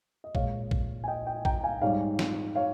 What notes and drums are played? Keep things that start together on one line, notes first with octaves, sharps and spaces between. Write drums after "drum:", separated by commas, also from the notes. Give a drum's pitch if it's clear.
D#5
A#2 G#3 C#5 F5, drum: kick
drum: kick
G#5
D#5 G5
D#5 G5
G5 A#5, drum: kick
F5 G#5
G#2 G3 C#5 F5
drum: snare
C#5 F5